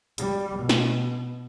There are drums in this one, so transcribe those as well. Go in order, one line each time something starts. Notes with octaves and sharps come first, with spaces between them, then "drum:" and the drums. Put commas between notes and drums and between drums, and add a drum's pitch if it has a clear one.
G3, drum: hi-hat
B2
drum: snare